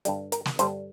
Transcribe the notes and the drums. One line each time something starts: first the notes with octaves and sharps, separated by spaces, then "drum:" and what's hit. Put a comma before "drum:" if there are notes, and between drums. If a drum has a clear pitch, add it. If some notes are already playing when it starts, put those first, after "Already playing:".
G2 D3 G3, drum: hi-hat
A#4, drum: hi-hat
drum: snare
G2 D3 G3 C5, drum: hi-hat